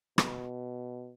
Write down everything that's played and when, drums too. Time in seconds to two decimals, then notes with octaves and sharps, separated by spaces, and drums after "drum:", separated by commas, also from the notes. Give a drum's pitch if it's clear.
0.18 B2, drum: rim click